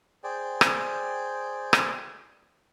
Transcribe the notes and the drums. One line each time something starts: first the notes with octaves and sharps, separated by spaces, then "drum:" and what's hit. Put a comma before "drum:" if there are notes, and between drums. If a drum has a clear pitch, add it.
G#4 C5 D5 G5
drum: rim click
drum: rim click